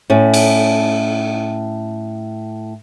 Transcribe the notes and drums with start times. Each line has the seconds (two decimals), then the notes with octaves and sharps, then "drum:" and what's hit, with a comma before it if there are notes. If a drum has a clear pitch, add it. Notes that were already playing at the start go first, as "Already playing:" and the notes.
0.10 A2 C#4
0.34 drum: cymbal